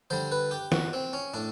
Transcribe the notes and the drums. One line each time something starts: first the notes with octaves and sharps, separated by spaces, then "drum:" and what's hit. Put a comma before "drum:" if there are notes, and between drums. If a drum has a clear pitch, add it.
D3 G3 C5
B4
G4
F#4, drum: snare
C4
C#4
A2 D4